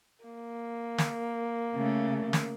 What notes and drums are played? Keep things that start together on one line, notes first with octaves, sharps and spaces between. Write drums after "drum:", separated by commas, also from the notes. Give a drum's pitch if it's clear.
A#3
drum: snare
C#3 A3
drum: snare